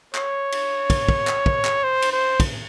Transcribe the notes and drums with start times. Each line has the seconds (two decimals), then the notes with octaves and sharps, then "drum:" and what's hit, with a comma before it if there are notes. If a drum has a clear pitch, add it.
0.15 C#5, drum: clap
0.52 drum: cymbal
0.90 drum: kick, cymbal
1.09 drum: kick
1.27 drum: clap
1.46 drum: kick
1.65 drum: clap
1.84 C5
2.02 drum: cymbal
2.12 C5
2.40 drum: kick, cymbal